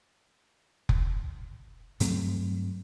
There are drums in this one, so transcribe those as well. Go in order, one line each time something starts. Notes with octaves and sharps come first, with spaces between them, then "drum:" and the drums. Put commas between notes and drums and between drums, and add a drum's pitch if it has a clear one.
drum: kick F1
G2 F#3 A3 C4, drum: hi-hat